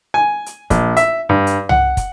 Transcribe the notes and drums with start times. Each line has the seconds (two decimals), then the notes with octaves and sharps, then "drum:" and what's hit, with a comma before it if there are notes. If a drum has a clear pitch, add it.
0.14 G#5
0.46 drum: hi-hat
0.70 A#1, drum: kick, hi-hat
0.97 E5, drum: hi-hat
1.29 G2
1.47 drum: hi-hat
1.69 F#5, drum: tom C2
1.97 drum: kick, hi-hat